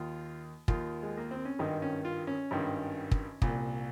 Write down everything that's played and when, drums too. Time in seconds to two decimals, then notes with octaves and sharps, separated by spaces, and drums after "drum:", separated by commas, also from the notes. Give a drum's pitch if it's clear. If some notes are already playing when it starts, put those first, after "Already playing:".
Already playing: D#2 D#3 F4
0.68 D#2 D#3 F4, drum: kick
1.03 G#3
1.17 A#3
1.31 C4
1.45 C#4
1.59 G#1 G2 D#3 D#4
1.82 C#4
2.05 F4
2.27 C#4
2.51 G#1 G2 D#3
3.12 drum: kick
3.42 C2 A#2, drum: kick